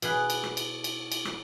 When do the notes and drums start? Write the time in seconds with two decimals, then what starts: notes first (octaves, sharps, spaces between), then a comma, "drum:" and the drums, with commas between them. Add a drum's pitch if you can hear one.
0.02 B2 G#4 B4, drum: cymbal
0.30 drum: cymbal
0.43 drum: rim click
0.57 drum: cymbal
0.84 drum: cymbal
1.12 drum: cymbal
1.25 drum: rim click